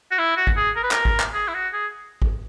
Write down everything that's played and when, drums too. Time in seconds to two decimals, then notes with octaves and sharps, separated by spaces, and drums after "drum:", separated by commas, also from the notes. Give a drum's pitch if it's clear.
0.11 F#4
0.19 E4
0.37 F#4
0.47 drum: kick G#1
0.57 G#4
0.76 A#4
0.83 B4
0.91 A#4, drum: clap
1.05 drum: kick G#1
1.20 drum: clap
1.34 G#4
1.48 E4
1.54 F#4
1.73 G#4
2.22 drum: kick G#1